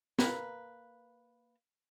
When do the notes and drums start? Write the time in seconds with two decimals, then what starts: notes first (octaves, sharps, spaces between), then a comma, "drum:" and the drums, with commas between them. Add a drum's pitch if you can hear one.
0.19 A#3 B4, drum: snare